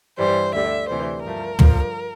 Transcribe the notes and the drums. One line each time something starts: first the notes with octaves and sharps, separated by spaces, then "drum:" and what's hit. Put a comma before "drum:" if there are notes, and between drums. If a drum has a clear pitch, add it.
G2 E3 G3 C5
D2 D3 G3 E5
D2 C3 E3 G3 C5
G2 F3 A3 A#4
G2 D3 F3, drum: tom